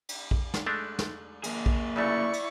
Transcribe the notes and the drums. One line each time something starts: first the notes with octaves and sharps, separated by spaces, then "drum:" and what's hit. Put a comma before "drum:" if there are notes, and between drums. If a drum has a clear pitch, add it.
drum: cymbal
drum: kick A#1
drum: snare
G#3 A3 D4
drum: snare
A#3 G#4, drum: cymbal
drum: kick A#1
C#3 F#3 A3 E4 D5 C#6
drum: cymbal